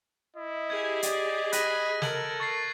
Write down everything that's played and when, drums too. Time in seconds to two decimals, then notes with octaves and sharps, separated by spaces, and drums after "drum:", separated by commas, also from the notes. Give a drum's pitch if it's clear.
0.36 E4 D#5
0.70 G4 G#4 G#6
1.03 D5, drum: hi-hat
1.52 B5 F#6 A#6 D#7, drum: hi-hat
2.02 A4 A#4 G#6 F#7, drum: snare
2.40 C#6 A6 C7